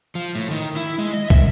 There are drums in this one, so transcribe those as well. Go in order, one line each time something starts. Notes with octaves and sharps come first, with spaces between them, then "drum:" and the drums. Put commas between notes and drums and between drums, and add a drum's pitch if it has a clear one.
F3
A2
D#3
E4
G#3
D#5
E5, drum: kick